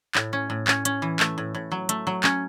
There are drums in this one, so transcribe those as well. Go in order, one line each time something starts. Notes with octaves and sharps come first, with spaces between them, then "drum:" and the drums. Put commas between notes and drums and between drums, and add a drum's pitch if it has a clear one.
A2, drum: clap
C#4
A2
C#4, drum: clap
C#4, drum: hi-hat
E3
A3, drum: clap
A2
A2
F#3
A3, drum: hi-hat
F#3
C#4, drum: clap